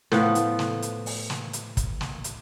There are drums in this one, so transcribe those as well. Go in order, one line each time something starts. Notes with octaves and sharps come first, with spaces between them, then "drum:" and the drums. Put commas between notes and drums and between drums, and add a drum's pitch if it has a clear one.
A2 F3 B3, drum: snare
drum: hi-hat
drum: snare
drum: hi-hat
drum: open hi-hat
drum: snare
drum: hi-hat
drum: kick, hi-hat
drum: snare
drum: hi-hat